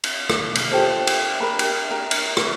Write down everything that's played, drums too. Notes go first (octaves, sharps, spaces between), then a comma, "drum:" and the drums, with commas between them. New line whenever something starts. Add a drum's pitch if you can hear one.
drum: cymbal
drum: rim click
drum: cymbal
F4 G4 A4 C5
drum: cymbal
A#4 B5
G4, drum: cymbal
A#4
drum: cymbal
drum: rim click